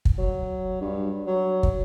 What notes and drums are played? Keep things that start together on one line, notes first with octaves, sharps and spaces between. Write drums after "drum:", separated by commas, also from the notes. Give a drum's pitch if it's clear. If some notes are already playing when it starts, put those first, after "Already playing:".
drum: kick
F#3
G2
F#3
drum: kick